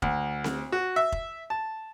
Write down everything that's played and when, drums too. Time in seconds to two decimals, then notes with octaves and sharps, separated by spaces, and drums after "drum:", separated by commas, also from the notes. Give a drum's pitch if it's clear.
0.02 D2, drum: kick F1
0.44 drum: snare C4
0.72 F#4
0.96 E5
1.12 drum: kick F1
1.50 A5